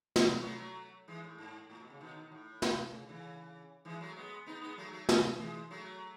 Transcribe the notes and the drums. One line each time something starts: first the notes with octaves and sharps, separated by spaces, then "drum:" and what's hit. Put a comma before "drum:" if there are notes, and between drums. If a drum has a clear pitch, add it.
F#3 A3, drum: snare
B3
F#3 A3
E3 G#3
A2
G#2
A2
B2
C#3
B2 D#3
B2 D#3
A2
drum: snare
C#3
C#3 E3
E3 G#3
F#3 A3
G#3 B3
B3 D#4
G#3 B3
F#3 A3
F#3 A3
drum: snare
E3 G#3
F#3 A3